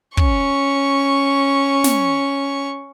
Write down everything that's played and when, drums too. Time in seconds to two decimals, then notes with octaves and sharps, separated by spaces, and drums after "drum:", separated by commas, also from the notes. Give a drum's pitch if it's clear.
0.17 C#4 C#6, drum: kick
1.84 drum: snare